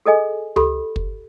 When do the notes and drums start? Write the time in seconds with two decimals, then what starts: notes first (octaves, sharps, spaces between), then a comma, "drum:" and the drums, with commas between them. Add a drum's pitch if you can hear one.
0.06 G#4 A4 D#5 G#5
0.56 G4 A4 B5, drum: tom C#2
0.96 drum: kick